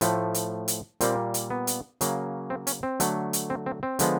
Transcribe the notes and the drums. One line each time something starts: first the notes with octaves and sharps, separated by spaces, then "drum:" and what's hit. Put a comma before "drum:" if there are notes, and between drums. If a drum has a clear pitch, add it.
A2 F3 A3, drum: hi-hat
drum: hi-hat
drum: hi-hat
A#2 G3 A#3 C4, drum: hi-hat
drum: hi-hat
B3
drum: hi-hat
C#3 F#3 A#3, drum: hi-hat
C4
C#4, drum: hi-hat
C4
D3 F#3 A3, drum: hi-hat
drum: hi-hat
C4
C4
C4
D3 F3 G#3 B3, drum: hi-hat